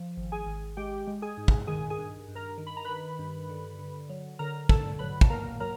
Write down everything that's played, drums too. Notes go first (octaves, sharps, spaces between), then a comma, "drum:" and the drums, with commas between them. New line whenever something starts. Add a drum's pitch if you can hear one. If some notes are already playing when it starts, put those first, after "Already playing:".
Already playing: F3
G#1
G#4 G#5
G#1
G#3 G4 G5
G#3
G#4 G#5
G#2
drum: kick
D#3 G#4 G#5
G#4 G#5
G2
G2
A#4 A#5
D#3
B5
A#5
D#3 B4 B5
G2
D3
D3
F#3
D3 A#4 A#5
D3 A4 A5, drum: kick
F#3 B4 B5
A5, drum: kick
A#3 A#4 A#5
F#3 A#4 A#5